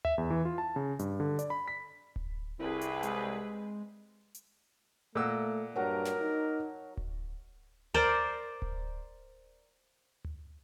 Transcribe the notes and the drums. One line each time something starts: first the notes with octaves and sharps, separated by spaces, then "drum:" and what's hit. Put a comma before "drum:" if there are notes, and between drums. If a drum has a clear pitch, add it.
E5, drum: tom D2
E2
E3
F4
A5
C#3
G2, drum: hi-hat
D3
D5, drum: hi-hat
B5
B6
drum: kick D1
C2 C4 E4 G#4 B4
drum: hi-hat
G#3, drum: hi-hat
drum: hi-hat
A#2 A3 A#4 F5 F#5 E6
G2 F#3 A#4 A5 A#5
drum: snare
D#4
drum: kick D1
A#4 C5 D5, drum: tom D2
drum: kick D1
drum: tom D2